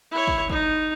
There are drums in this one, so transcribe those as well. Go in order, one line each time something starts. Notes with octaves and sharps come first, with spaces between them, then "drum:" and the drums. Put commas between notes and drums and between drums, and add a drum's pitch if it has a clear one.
E4 C#5
drum: kick
D#4, drum: kick